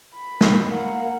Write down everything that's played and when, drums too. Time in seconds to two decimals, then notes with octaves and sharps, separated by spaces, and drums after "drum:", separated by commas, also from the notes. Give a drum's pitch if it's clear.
0.14 B5
0.41 drum: snare
0.69 A#3 F#5